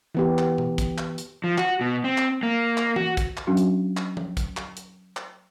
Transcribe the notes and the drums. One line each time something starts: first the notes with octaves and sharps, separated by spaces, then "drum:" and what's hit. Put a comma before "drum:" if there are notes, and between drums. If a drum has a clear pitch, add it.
E3 B3 G4
drum: clap
drum: tom B2
drum: kick, hi-hat
drum: clap
drum: hi-hat
F3
F#4, drum: clap
B2
C4
drum: clap
A#3
drum: clap
F#4, drum: tom E3
drum: kick, hi-hat
drum: clap
F#3 C#4 D4 F#4
drum: hi-hat
drum: clap
drum: tom F3
drum: kick, hi-hat
drum: clap
drum: hi-hat
drum: clap